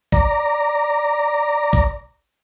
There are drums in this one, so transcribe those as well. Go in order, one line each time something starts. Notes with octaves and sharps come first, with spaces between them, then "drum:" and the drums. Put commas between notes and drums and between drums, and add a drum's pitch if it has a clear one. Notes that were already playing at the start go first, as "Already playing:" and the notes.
D5 A#5, drum: kick
drum: kick